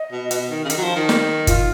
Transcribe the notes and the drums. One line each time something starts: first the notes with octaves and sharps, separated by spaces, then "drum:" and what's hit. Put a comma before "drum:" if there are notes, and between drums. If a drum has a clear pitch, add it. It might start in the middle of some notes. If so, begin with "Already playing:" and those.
Already playing: D#5
B2
B2, drum: hi-hat
D#3
C#3
D#3, drum: hi-hat
F#3
F3
D#3
drum: snare
F4, drum: kick F#1, hi-hat